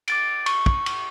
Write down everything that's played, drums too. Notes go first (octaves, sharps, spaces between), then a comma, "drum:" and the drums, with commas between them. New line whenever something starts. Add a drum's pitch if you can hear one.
D6 A6 D7, drum: cymbal
C#6, drum: cymbal
drum: kick
drum: cymbal